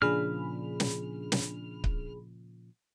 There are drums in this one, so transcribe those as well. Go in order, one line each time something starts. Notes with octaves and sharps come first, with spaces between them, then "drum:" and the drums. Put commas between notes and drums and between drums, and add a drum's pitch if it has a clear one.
A#2 C#3 F3 D4 G#4 B5 F6
drum: snare
drum: snare
drum: kick C#1